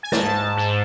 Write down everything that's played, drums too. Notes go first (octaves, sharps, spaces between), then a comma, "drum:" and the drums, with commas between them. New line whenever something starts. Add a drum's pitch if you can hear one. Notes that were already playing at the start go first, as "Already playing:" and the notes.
G#5
G#2 A5, drum: snare
G#2